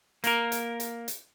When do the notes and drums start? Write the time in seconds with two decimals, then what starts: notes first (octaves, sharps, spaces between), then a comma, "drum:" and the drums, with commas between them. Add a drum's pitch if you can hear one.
0.24 A#3 A#4, drum: hi-hat
0.52 drum: hi-hat
0.80 drum: hi-hat
1.08 drum: hi-hat